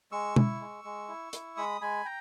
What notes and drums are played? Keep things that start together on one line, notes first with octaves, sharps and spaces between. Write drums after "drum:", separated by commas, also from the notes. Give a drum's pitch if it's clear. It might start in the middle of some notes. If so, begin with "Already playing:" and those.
G#3 C#6 E6
E4, drum: tom
G#3
G#3
E4
E4, drum: hi-hat
G#3 B5 D#6
G#3 G#5 B5
G5 A#5